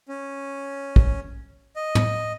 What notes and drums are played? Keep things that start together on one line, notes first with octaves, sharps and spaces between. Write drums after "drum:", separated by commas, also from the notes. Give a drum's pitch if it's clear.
C#4
drum: kick
D#5
drum: tom